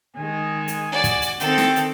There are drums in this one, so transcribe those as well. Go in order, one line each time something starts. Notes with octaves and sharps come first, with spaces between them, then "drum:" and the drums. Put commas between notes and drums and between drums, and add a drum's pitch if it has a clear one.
D#3 G#3 G#5
drum: hi-hat
F#4 D5
drum: kick, hi-hat
drum: hi-hat
D#3 C4 A4 G5, drum: hi-hat
drum: snare
drum: hi-hat